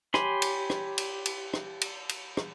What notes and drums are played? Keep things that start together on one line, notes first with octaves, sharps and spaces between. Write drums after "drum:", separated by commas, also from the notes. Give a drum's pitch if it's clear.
G4 C#5 G#5 B5 C6, drum: rim click
drum: cymbal
drum: rim click
drum: cymbal
drum: cymbal
drum: rim click
drum: cymbal
drum: cymbal
drum: rim click